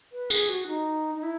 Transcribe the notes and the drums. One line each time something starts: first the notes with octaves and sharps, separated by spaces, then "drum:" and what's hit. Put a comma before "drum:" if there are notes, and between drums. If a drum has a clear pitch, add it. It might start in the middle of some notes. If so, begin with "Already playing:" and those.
B4
G#4, drum: tambourine
F#4
D#4
D#4
E4